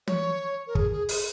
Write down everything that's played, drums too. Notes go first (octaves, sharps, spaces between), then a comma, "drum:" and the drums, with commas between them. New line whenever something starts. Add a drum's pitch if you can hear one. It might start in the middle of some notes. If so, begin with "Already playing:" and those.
C#5, drum: tom
A#4
G#4, drum: kick
G#4
G#4, drum: open hi-hat